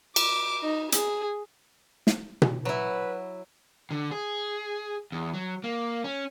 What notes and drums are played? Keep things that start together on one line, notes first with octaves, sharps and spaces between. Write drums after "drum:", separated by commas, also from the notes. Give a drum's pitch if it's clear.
D6, drum: cymbal
D#4
G#4, drum: hi-hat
drum: snare
drum: tom B2
F#3 E4 B4
D3
G#4
E2
F#3
A#3
C#4